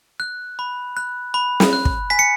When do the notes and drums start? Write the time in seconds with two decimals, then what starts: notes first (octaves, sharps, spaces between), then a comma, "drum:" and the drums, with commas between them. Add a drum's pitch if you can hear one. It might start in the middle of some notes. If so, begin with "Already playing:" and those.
0.20 F#6
0.59 B5
0.97 F#6
1.34 B5
1.60 drum: snare
1.73 F#6
1.85 drum: kick
2.10 G#5 B6
2.19 C#7